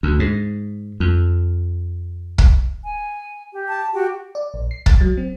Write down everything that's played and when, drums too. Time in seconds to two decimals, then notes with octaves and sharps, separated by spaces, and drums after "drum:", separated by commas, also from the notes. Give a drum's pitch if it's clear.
0.03 D2
0.20 G#2
1.00 F2
2.38 drum: kick
2.84 G#5
3.53 G4
3.68 A5
3.93 F#4 G4
4.35 D5
4.54 A#1
4.71 C7
4.86 A6, drum: kick
5.01 F#3
5.17 C4